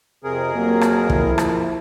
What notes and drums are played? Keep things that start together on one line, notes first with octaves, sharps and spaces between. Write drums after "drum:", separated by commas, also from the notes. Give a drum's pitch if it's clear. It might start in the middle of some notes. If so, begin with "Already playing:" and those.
F2 C3 G#4 A#4
F#3 A#3
drum: rim click
F3 E4, drum: kick
drum: rim click